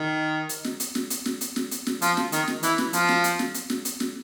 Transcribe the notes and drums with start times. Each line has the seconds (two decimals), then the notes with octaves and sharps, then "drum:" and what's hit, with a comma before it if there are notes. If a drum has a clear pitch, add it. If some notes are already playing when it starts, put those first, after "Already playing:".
Already playing: D#3
0.49 drum: hi-hat
0.64 drum: snare
0.80 drum: hi-hat
0.95 drum: snare
1.10 drum: hi-hat
1.26 drum: snare
1.41 drum: hi-hat
1.56 drum: snare
1.71 drum: hi-hat
1.87 drum: snare
2.02 F3, drum: hi-hat
2.17 drum: snare
2.32 D#3, drum: hi-hat
2.48 drum: snare
2.63 E3, drum: hi-hat
2.78 drum: snare
2.93 F3, drum: hi-hat
3.09 drum: snare
3.24 drum: hi-hat
3.39 drum: snare
3.54 drum: hi-hat
3.70 drum: snare
3.85 drum: hi-hat
4.00 drum: snare